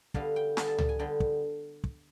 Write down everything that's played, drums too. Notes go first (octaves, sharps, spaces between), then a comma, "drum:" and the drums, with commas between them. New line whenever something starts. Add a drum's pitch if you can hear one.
D3 G3 B3 F5, drum: kick
G5
D3 G3 B3 G#5, drum: snare
A5
A5, drum: tom C#2
G#5
D3 G3 B3 G5
drum: kick
drum: kick